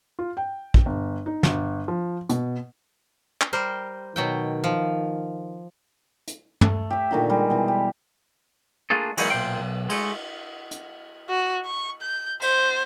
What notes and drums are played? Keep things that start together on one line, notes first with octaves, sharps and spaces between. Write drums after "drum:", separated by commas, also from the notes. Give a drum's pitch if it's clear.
F4
G5
drum: kick
G1
D#4
G1, drum: snare
F3
B2, drum: hi-hat
drum: clap
G3 A#4 C5
B2 D#3 F#3 G5
F3
drum: hi-hat
A3, drum: tom
G4 E5
A#2 D3 D#3 F#4
G3 G#3
B2 E3
G4
A3 A#3 D4 F4 G#4 A4
E3 F#3 G#3 A#3 B3 D#4, drum: cymbal
B1 A#2 A3 C5 G5
B1
G#3 A3, drum: cymbal
drum: hi-hat
F#4
C#6
G6
C5, drum: cymbal